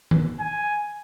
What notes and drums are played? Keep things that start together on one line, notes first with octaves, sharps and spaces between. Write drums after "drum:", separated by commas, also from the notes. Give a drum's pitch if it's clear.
drum: tom D#3
G#5